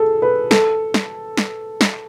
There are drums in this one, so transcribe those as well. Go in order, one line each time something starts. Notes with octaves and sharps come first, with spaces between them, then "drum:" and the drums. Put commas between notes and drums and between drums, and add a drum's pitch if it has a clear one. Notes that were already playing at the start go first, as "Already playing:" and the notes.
Already playing: G#4 A4
B4
A4, drum: snare
drum: snare
drum: snare
drum: snare